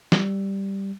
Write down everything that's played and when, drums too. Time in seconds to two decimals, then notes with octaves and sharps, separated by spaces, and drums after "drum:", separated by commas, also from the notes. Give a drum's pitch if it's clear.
0.12 G3, drum: snare